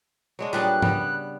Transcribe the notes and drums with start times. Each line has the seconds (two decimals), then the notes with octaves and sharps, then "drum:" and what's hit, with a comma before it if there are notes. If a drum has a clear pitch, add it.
0.39 F#3 G#3 D4
0.53 A#2 F#3 G3 B3 D4 G#4 F#6
0.82 C#3 G3 B3, drum: tom